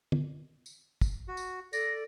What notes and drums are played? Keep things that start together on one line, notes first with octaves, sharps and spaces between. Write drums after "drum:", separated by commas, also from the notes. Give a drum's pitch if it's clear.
drum: tom
drum: tambourine
drum: kick, tambourine
F#4
drum: tambourine
A4 D5 A#6, drum: tambourine